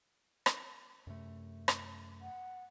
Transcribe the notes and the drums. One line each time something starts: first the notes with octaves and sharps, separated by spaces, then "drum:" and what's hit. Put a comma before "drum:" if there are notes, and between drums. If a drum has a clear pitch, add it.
drum: rim click
F#2 C3 A3
drum: rim click
F#5